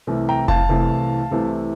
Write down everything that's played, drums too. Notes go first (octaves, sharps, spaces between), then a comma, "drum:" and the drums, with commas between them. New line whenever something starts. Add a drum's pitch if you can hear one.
C2 C3 E3 A3
G5 A#5
F5 A5, drum: kick F1
C2 C3 E3 A3
C2 C3 E3 A3